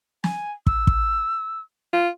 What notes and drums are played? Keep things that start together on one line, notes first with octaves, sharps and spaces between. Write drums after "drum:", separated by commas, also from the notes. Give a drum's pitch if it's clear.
G#5, drum: snare
E6, drum: kick
drum: kick
F4